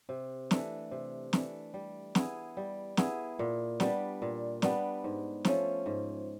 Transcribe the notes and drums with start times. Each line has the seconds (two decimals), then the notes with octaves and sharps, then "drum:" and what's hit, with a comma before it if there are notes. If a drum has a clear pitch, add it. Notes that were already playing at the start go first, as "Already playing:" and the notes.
0.09 C3
0.51 E3 A3 D4, drum: snare
0.91 C3
1.33 E3 A3 D4, drum: snare
1.74 G3
2.15 B3 E4 G#4, drum: snare
2.57 G3
2.97 B3 E4 G#4, drum: snare
3.39 A#2
3.80 G3 B3 D4, drum: snare
4.22 A#2
4.62 G3 B3 D4, drum: snare
5.04 G#2
5.45 F3 A3 C#4, drum: snare
5.86 G#2